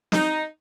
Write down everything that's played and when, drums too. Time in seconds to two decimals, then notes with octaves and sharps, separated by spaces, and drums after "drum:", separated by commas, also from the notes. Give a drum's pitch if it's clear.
0.12 D#4, drum: snare